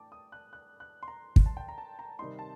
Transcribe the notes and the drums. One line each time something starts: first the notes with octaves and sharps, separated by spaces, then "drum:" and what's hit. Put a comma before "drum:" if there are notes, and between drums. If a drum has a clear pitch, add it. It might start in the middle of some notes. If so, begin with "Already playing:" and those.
Already playing: A2 D4 G5 A5 D6
D#6
F#6
F#6
F#6
C6
A#5
drum: kick
A5
G5
A#5
A5
A#5
C3 D#3 G3 C4 D#4 C6
A5